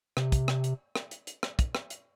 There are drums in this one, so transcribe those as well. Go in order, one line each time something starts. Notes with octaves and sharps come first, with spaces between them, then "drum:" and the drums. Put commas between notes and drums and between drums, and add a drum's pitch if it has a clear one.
C3, drum: rim click
drum: kick, hi-hat
drum: rim click
drum: hi-hat
drum: rim click
drum: hi-hat
drum: hi-hat
drum: rim click
drum: kick, hi-hat
drum: rim click
drum: hi-hat